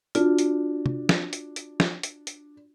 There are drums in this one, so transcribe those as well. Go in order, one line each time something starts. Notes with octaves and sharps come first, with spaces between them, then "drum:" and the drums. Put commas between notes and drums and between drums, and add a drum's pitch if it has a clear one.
D4 F4 F#4, drum: hi-hat
drum: hi-hat
drum: tom
drum: snare
drum: hi-hat
drum: hi-hat
drum: snare
drum: hi-hat
drum: hi-hat